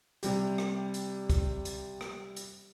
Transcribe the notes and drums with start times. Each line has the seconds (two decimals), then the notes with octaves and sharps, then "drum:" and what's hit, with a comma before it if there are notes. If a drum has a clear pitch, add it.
0.23 C3 G3 G4, drum: hi-hat
0.58 drum: rim click
0.94 drum: hi-hat
1.30 drum: kick, hi-hat
1.65 drum: hi-hat
2.01 drum: rim click
2.36 drum: hi-hat